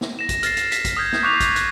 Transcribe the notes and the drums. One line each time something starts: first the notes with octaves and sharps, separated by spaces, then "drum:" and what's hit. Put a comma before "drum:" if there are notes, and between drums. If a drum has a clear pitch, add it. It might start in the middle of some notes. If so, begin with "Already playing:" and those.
drum: snare
A#6 E7
drum: kick, hi-hat
F6 A6 C7, drum: hi-hat
drum: hi-hat
B6, drum: hi-hat
drum: kick, hi-hat
D#6 F6 G6 G#6
drum: snare
C#6 D6 F#6 G6 C7 F7
drum: kick, hi-hat
F#6, drum: hi-hat